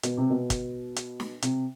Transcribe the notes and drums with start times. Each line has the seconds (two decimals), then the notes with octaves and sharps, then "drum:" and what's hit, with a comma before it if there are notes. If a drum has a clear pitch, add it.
0.03 B2, drum: hi-hat
0.17 C3
0.30 B2
0.50 drum: kick, hi-hat
0.96 drum: hi-hat
1.20 drum: snare
1.42 C3, drum: hi-hat